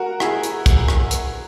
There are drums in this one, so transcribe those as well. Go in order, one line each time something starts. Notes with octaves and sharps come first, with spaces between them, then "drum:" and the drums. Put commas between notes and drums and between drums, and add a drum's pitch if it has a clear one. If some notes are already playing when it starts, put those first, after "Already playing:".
Already playing: F#4 A#4
E4 G#4, drum: rim click
drum: hi-hat
drum: kick, hi-hat
drum: rim click
drum: hi-hat